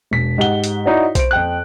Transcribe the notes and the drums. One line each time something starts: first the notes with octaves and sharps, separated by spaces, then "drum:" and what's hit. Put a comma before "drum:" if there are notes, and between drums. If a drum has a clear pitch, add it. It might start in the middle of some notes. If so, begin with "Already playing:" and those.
E1 B6
G#2 G4 F#5 G7
drum: hi-hat
D#4 E4 F#4 C#5 D5
C5 D7, drum: kick B1, hi-hat
F2 G5 F#6